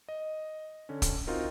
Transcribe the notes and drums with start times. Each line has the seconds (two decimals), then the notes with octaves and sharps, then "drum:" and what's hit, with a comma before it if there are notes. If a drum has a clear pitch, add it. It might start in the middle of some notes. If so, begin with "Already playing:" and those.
0.08 D#5
0.89 D3 C#4
1.02 drum: kick, hi-hat
1.27 C4 D#4 F4 F#4 A#4